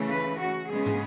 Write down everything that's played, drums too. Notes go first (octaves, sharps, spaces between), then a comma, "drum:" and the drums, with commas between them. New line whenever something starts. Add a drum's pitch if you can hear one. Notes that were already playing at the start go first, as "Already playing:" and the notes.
Already playing: C#3 E3 A3
B4
F#4
C#3 G#3 B3 G#4
drum: tom